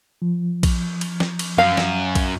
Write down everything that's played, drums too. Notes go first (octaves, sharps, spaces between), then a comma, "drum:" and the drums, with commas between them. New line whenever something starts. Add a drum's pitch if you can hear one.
F3
drum: kick A#1, cymbal
drum: cymbal
drum: snare
drum: cymbal
F#2 F5
drum: snare
drum: kick A#1, cymbal